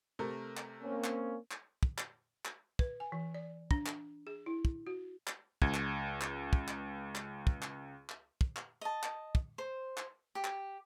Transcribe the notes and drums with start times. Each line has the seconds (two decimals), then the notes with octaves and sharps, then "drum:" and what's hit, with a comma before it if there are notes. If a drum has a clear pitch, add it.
0.19 C3 A3 A#4
0.57 drum: clap
0.83 A#3 C4 C#4
1.04 drum: clap
1.51 drum: clap
1.83 drum: kick
1.98 drum: clap
2.45 drum: clap
2.79 B4, drum: kick
3.00 G#5
3.12 E3
3.34 D5
3.71 D4, drum: kick
3.86 drum: clap
4.27 G#4
4.46 E4
4.65 drum: kick
4.87 F#4
5.27 drum: clap
5.62 C#2 G#6, drum: kick
5.74 drum: clap
6.21 drum: clap
6.53 drum: kick
6.68 drum: clap
7.15 drum: clap
7.47 drum: kick
7.62 drum: clap
8.09 drum: clap
8.41 drum: kick
8.56 drum: clap
8.81 D#5 A5
9.03 drum: clap
9.35 drum: kick
9.58 C5
9.97 drum: clap
10.35 G4
10.44 drum: clap